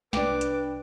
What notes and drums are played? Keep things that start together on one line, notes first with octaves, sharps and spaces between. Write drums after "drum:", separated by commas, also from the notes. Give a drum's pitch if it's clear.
C2 D4 B4 D5 G5 D6, drum: snare
drum: hi-hat